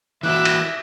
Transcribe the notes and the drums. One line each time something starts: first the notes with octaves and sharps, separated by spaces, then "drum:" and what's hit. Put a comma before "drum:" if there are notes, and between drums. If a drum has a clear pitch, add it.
E3 A#3 F#4 E5 D6 E6 F#6
drum: cymbal